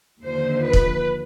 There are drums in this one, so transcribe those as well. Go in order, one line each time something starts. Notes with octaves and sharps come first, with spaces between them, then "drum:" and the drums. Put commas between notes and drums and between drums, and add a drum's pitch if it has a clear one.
D#2 D3 F3 C5
B4
drum: kick